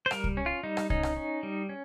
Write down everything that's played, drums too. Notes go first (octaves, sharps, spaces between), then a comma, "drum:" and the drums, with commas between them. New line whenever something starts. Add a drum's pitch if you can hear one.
C5
G3 A#4, drum: rim click
drum: kick C2
C#4
F4
G3 D#4
drum: rim click
C#4 D#4, drum: kick C2
drum: rim click
C#4
G3
C#4